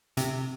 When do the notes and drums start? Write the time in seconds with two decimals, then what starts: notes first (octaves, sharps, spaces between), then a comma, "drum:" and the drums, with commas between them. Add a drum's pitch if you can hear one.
0.17 C3, drum: hi-hat